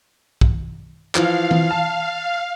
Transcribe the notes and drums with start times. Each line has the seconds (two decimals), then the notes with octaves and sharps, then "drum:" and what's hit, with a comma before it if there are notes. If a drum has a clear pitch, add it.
0.41 drum: kick
1.15 E3 F3 F5, drum: clap
1.51 drum: tom E3
1.71 A5